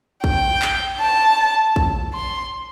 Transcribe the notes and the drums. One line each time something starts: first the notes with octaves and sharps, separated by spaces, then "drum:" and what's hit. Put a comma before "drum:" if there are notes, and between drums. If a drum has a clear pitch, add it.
G5, drum: kick
drum: clap
A5
drum: kick
C6